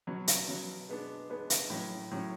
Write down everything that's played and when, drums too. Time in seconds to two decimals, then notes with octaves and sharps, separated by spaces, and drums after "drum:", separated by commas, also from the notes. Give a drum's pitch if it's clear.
0.07 B2 F#3 C#4
0.28 drum: hi-hat
0.48 B2 F#3 C#4
0.89 G#3 B3 D4
1.30 G#3 B3 D4
1.50 drum: hi-hat
1.70 A2 F#3 C#4
2.11 A2 F#3 C#4